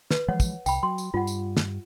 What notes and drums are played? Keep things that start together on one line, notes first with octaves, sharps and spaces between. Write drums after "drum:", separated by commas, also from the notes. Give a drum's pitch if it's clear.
B4, drum: snare
E3 F3 G#3 C#5 F#5
drum: kick, tambourine
C2 G5 B5, drum: tambourine
F#3 C6
drum: tambourine
G2 G3 F4 F#5
drum: tambourine
drum: snare